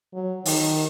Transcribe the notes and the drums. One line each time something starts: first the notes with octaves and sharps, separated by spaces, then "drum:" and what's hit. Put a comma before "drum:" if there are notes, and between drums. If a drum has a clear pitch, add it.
F#3
D#3, drum: open hi-hat